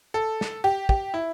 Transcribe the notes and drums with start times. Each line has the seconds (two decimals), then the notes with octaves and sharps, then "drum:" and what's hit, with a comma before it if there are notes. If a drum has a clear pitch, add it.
0.14 A4
0.41 drum: snare
0.64 G4
0.89 G4, drum: kick
1.14 E4